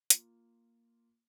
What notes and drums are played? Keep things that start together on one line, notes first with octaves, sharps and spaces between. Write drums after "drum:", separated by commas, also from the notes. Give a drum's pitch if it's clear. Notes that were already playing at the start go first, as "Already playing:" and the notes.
A#3 F4, drum: hi-hat